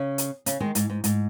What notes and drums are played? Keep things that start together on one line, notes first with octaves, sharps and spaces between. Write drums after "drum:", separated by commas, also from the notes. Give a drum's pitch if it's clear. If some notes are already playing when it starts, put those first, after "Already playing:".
Already playing: C#3
drum: hi-hat
C#3, drum: hi-hat
D#3 G#3
G#2, drum: hi-hat
G#2
G#2, drum: hi-hat